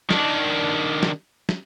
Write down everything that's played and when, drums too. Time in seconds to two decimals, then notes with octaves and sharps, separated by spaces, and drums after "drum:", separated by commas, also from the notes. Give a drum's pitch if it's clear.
0.11 D#3 D4, drum: snare
1.03 drum: snare
1.49 drum: snare